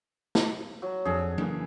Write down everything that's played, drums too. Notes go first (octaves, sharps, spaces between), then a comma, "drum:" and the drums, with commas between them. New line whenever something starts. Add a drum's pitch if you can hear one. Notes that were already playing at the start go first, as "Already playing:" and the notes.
drum: snare
F#3
F2 D4 G#4 A4
C#3 E3 A#3, drum: tom F#3